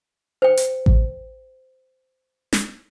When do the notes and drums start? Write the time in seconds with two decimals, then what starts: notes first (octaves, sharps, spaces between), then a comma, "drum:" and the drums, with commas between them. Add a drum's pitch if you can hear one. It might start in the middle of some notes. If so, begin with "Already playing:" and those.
0.42 C5 G5
0.57 drum: hi-hat
0.86 drum: kick A1
2.53 drum: snare